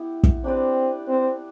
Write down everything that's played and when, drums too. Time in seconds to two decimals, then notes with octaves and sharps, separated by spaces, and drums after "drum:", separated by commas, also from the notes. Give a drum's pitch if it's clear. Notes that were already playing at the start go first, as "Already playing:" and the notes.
Already playing: B3 E4 G4
0.23 drum: kick
0.44 C4 D4 G4 B4 D5
1.08 C4